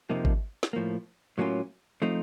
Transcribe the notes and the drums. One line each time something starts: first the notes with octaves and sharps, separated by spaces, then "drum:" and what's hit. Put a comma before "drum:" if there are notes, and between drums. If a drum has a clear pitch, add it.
F2 C3 F3 A#3 D#4
drum: kick G#1
drum: snare
A2 F3 A#3
A2 F#3 A#3 C#4 F4
F3 A3 C4 D#4